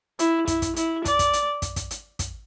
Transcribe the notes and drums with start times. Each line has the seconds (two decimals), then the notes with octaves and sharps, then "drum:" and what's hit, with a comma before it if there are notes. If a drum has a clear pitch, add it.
0.19 E4, drum: hi-hat
0.47 E4, drum: kick, hi-hat
0.62 drum: kick, hi-hat
0.76 E4, drum: hi-hat
1.05 D5, drum: kick, hi-hat
1.19 drum: kick, hi-hat
1.33 drum: hi-hat
1.62 drum: kick, hi-hat
1.76 drum: kick, hi-hat
1.91 drum: hi-hat
2.19 drum: kick, hi-hat